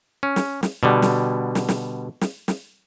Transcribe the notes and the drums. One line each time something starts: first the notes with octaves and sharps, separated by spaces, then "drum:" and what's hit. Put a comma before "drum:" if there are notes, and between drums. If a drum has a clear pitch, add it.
C#4
drum: snare
drum: snare
B2 D3 G3
drum: snare
drum: snare
drum: snare
drum: snare
drum: snare